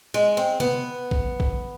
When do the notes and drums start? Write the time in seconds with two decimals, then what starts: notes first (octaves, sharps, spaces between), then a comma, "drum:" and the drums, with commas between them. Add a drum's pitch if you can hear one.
0.14 G#3
0.37 C4
0.60 B3, drum: tom C3
1.11 drum: kick A#1
1.40 drum: kick A#1